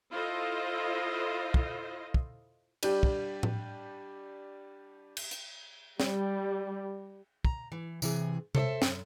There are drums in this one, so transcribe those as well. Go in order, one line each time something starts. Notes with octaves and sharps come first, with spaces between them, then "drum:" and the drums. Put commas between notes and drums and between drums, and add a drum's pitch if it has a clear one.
E4 F4 A4 C5 D#5
drum: kick
drum: kick
G3 D4 G4, drum: cymbal
drum: kick
drum: tom A2
drum: cymbal
drum: hi-hat
G3, drum: snare
A#5, drum: kick
E3
C3 E3 G#4, drum: tambourine
A4 C5 D5 E5, drum: tom C3
F#2, drum: snare